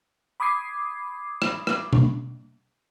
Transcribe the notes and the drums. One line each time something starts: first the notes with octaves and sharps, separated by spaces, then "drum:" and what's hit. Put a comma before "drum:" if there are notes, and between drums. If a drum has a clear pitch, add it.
B5 D6 D#6 G#6 C7
drum: rim click
drum: rim click
drum: tom B2